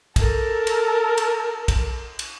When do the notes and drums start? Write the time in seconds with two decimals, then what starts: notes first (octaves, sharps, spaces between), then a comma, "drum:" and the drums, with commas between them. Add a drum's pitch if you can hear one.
0.16 A4 A#4, drum: kick, cymbal
0.67 drum: cymbal
1.18 drum: cymbal
1.68 drum: kick, cymbal
2.19 drum: cymbal